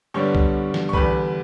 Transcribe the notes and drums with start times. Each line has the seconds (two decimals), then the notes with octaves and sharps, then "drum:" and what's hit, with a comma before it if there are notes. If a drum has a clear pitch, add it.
0.14 G2 D3 G3 B3 D4 C#5 C#6
0.35 drum: kick C2
0.74 drum: snare
0.89 C#6
0.93 E2 D3 G3 B4 B5, drum: kick C2